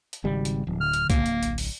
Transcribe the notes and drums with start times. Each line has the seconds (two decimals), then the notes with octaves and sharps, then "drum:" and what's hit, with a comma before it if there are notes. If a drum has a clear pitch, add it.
0.13 drum: hi-hat
0.24 G#1 C#3 G3
0.45 drum: hi-hat
0.67 D1 F3
0.81 D3 F6
0.94 drum: hi-hat
1.10 D1 A#3, drum: kick, hi-hat
1.26 drum: hi-hat
1.43 A#1, drum: hi-hat
1.58 drum: open hi-hat